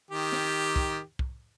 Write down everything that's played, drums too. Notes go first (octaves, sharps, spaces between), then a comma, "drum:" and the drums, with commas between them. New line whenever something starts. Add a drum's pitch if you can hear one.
D#3 G4
drum: snare
drum: kick
drum: kick